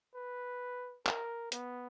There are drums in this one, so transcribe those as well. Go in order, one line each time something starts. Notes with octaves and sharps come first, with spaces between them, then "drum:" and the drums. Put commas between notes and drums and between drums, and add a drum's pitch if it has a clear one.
B4
A#4, drum: clap
B3, drum: hi-hat